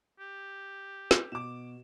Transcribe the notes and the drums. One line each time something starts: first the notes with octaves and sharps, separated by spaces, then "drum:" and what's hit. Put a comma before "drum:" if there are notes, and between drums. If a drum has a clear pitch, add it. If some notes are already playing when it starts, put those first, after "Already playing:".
G4
drum: snare
B2 D6 E7